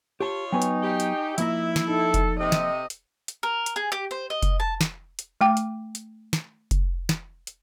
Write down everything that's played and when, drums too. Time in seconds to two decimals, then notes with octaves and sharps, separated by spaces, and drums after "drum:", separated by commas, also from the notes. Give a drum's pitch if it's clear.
0.20 F4 G4 C#5 A5
0.52 F#3 B3 D#4 B4 G5 G#5 C#6
0.62 drum: hi-hat
0.83 G4
1.00 drum: hi-hat
1.38 F3 A#3 E4 E5 A#5, drum: hi-hat
1.76 drum: snare
1.89 D#4 A4
2.14 drum: kick F1, hi-hat
2.40 C3 D#5
2.52 drum: snare
2.90 drum: hi-hat
3.28 drum: hi-hat
3.43 A#4
3.66 drum: hi-hat
3.76 G#4
3.92 G4
4.11 C5
4.30 D#5
4.43 drum: kick F1, hi-hat
4.60 A5
4.81 drum: snare
5.19 drum: hi-hat
5.41 A3 G5 D6
5.57 drum: hi-hat
5.95 drum: hi-hat
6.33 drum: snare
6.71 drum: kick F1, hi-hat
7.09 drum: snare
7.47 drum: hi-hat